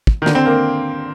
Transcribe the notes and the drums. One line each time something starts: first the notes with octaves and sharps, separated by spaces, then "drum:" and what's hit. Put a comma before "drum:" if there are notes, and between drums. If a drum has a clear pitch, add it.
drum: kick
D#3
D3, drum: snare
C4
A#3